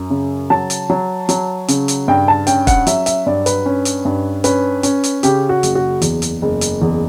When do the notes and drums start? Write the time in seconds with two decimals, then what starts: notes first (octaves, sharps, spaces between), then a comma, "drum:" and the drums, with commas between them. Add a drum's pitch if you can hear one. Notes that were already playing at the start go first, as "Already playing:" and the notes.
Already playing: F#2
0.10 C#3
0.50 F#3 A5
0.70 drum: hi-hat
0.90 F#3
1.29 F#3, drum: hi-hat
1.68 C#3, drum: hi-hat
1.88 drum: hi-hat
2.08 G2 G5
2.28 A5
2.47 C#4 G5, drum: hi-hat
2.67 F#5, drum: kick, hi-hat
2.87 F#3 E5, drum: hi-hat
3.06 E5, drum: hi-hat
3.26 G2 D5
3.46 B4, drum: hi-hat
3.66 C#4
3.85 drum: hi-hat
4.05 G2
4.44 C#4 B4, drum: hi-hat
4.83 C#4, drum: hi-hat
5.04 drum: hi-hat
5.23 C#3 G4, drum: hi-hat
5.49 F#4
5.63 F#1, drum: hi-hat
5.75 F#4
6.02 E2, drum: hi-hat
6.22 drum: hi-hat
6.42 F#1
6.61 drum: hi-hat
6.82 E2